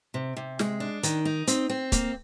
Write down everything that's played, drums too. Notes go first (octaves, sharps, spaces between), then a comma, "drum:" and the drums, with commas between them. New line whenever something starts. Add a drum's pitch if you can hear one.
C3
C3
G#3, drum: snare
D4
D#3, drum: hi-hat
D#4
C4, drum: hi-hat
C4
A#3, drum: kick, hi-hat